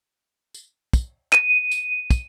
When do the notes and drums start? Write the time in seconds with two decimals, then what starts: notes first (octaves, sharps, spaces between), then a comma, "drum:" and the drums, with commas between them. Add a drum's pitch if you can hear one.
0.54 drum: tambourine
0.93 drum: kick, tambourine
1.32 D#7, drum: clap
1.71 drum: tambourine
2.10 drum: kick, tambourine